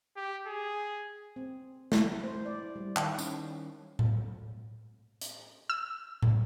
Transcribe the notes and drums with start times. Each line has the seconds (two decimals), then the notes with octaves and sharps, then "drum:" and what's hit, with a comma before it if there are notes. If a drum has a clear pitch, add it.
0.17 G4
0.47 G#4
1.36 C4
1.92 E4, drum: snare
2.24 C5
2.45 D5
2.76 G3
2.96 D#3, drum: clap
3.19 C#4, drum: tambourine
3.99 drum: tom A2
5.21 drum: hi-hat
5.70 E6
6.23 drum: tom A2